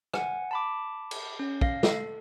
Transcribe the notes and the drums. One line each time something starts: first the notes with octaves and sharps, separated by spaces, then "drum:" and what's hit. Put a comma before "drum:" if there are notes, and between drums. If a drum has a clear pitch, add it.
F#5 G#5, drum: rim click
A5 B5 D6
drum: cymbal
C#4
F5 A#6 C7, drum: kick
A4, drum: snare